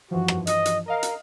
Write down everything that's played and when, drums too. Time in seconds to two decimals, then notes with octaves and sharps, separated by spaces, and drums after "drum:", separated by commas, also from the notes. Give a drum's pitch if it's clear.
0.11 G2 E3 F3 F#4
0.28 drum: rim click
0.47 D#5, drum: hi-hat
0.65 drum: hi-hat
0.88 A#4 D#5 F5
1.03 drum: hi-hat